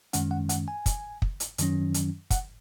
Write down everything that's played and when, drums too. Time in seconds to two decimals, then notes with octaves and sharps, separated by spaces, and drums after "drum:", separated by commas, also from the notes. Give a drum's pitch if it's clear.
0.13 F#2 D#3 G#3 C#4 F#5, drum: hi-hat
0.31 F#5
0.49 F#5, drum: hi-hat
0.68 G#5
0.86 drum: kick, hi-hat
1.22 drum: kick
1.40 drum: hi-hat
1.58 F#2 D#3 F#3 C#4, drum: hi-hat
1.94 drum: hi-hat
2.30 F#5, drum: kick, hi-hat